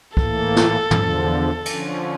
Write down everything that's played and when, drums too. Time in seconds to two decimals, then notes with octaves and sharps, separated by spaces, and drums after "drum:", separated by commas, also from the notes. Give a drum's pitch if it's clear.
0.17 A2 E3 A#3 A4, drum: kick
0.56 drum: snare
0.91 E2 D3 F3, drum: tom
1.66 D3 F3 C#4, drum: cymbal